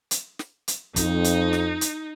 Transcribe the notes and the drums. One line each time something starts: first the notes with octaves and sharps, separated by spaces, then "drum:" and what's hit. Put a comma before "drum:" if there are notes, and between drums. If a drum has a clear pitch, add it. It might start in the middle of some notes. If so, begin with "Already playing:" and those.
drum: hi-hat
drum: snare
drum: hi-hat
F2 D#4, drum: kick, hi-hat
drum: hi-hat
drum: snare
drum: hi-hat